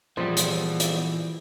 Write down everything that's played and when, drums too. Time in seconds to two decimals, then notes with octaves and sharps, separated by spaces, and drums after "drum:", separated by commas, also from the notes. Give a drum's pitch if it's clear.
0.17 A#2 E3 F3 G3 B3 G#4 C5
0.37 drum: hi-hat
0.80 drum: hi-hat